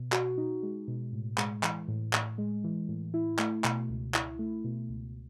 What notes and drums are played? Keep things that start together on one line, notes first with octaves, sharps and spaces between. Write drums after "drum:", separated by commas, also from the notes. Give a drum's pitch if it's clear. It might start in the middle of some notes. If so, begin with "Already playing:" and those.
Already playing: B2
F#4, drum: clap
D#4
G#3
B2
A2
G#3, drum: clap
E3, drum: clap
A2
A2, drum: clap
G#3
E3
A2
E4
A3, drum: clap
B2, drum: clap
C#2
E4, drum: clap
A3
B2
C#2